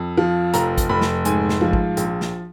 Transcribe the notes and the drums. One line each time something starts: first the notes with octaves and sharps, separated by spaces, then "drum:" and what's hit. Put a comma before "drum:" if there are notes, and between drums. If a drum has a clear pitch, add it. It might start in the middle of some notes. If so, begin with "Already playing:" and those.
Already playing: F2
F3
F1 A#5, drum: hi-hat
drum: kick G#1, hi-hat
F1 B5
drum: snare
G#2 G#5, drum: hi-hat
drum: snare
F3
drum: kick G#1
A#1, drum: hi-hat
drum: snare